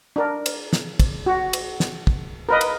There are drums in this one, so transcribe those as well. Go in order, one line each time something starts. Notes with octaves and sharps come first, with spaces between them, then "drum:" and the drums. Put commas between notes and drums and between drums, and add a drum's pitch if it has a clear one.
D4 A#4
drum: cymbal
drum: snare
drum: kick, cymbal
F#4
drum: cymbal
drum: snare
drum: kick
A#4 B4 D#5
drum: cymbal